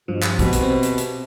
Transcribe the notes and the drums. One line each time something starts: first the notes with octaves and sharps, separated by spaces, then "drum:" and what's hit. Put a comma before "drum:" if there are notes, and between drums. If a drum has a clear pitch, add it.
G2 B2 F3
C3, drum: clap
B2, drum: kick, hi-hat
drum: hi-hat
C4
drum: hi-hat
drum: hi-hat